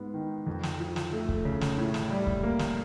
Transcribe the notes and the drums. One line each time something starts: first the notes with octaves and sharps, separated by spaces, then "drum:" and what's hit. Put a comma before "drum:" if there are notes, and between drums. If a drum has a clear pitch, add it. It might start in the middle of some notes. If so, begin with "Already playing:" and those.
Already playing: G#2 G#3 B3
D#3
F2
drum: snare
F3
drum: snare
A3
drum: kick C#1
C#3
drum: snare
A2
drum: snare
G3
drum: kick C#1
A#3
drum: snare